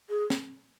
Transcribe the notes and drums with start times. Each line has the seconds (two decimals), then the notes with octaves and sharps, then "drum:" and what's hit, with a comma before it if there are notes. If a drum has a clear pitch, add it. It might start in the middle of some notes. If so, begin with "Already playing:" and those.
0.10 G#4
0.30 drum: snare